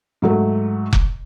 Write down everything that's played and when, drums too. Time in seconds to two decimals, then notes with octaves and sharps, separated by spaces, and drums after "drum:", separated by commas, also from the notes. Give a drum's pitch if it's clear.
0.22 G#2 F#3 A3
0.93 drum: kick F1